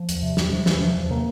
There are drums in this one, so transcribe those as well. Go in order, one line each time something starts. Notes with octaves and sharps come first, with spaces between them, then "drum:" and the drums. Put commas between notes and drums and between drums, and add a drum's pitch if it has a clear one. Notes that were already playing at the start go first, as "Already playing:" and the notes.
Already playing: F3
E2, drum: hi-hat
C3
E2 G3, drum: snare
C3 F3
E2 E3, drum: snare
C3 F3
E2
C3 A#3